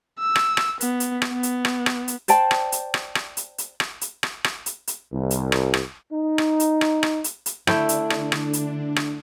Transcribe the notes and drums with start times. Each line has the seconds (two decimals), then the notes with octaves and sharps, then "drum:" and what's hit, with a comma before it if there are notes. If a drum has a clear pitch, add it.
0.19 E6
0.36 drum: rim click
0.57 drum: rim click
0.81 B3, drum: hi-hat
1.00 drum: hi-hat
1.22 drum: rim click
1.33 B3
1.43 drum: hi-hat
1.65 drum: rim click
1.86 drum: rim click
2.08 drum: hi-hat
2.28 C5 D5 G5 A5, drum: hi-hat
2.51 drum: rim click
2.72 drum: hi-hat
2.94 drum: rim click
3.15 drum: rim click
3.37 drum: hi-hat
3.58 drum: hi-hat
3.80 drum: rim click
4.01 drum: hi-hat
4.23 drum: rim click
4.44 drum: rim click
4.66 drum: hi-hat
4.87 drum: hi-hat
5.13 C2
5.31 drum: hi-hat
5.52 drum: rim click
5.74 drum: rim click
6.12 D#4
6.38 drum: rim click
6.60 drum: hi-hat
6.81 drum: rim click
7.03 drum: rim click
7.24 drum: hi-hat
7.46 drum: hi-hat
7.67 D3 A3 D4 E4 G5, drum: rim click
7.89 drum: hi-hat
8.10 drum: rim click
8.32 drum: rim click
8.53 drum: hi-hat
8.96 drum: rim click